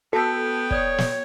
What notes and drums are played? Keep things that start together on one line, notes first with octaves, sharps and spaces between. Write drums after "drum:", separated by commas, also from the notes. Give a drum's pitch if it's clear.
B3 F#4 A4 G5 A5 B6
C#5 D5 D#6 G6, drum: kick
drum: snare